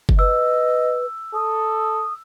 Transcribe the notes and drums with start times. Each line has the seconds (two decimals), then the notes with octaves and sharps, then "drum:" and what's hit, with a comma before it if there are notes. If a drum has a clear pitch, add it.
0.09 drum: kick F#1
0.19 B4 D#5 E6
1.35 A4 D#6